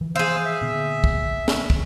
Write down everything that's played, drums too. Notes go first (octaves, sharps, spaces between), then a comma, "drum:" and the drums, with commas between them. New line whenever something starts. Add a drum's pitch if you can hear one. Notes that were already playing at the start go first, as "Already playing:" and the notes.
E3 F3
G#4 C5 F5 E6
E5
A#2 D3 B3
drum: kick
drum: snare
drum: kick